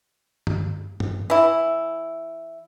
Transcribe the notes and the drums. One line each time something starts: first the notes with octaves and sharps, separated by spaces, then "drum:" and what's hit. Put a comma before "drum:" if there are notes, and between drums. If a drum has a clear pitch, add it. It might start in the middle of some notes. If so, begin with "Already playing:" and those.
drum: tom
drum: tom G2
E3 E4